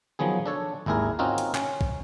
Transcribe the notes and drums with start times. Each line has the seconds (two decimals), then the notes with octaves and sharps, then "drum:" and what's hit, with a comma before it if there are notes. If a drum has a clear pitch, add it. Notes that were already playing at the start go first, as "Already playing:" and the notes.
0.19 D#3 F3 F#3 B3 G#4
0.46 D4 A4 C#5
0.86 G#1 D#2 E4 G#4 A#4
1.19 C4 C#4 D#4 F4 F#4 A#4
1.38 drum: hi-hat
1.55 C#4, drum: clap
1.81 drum: kick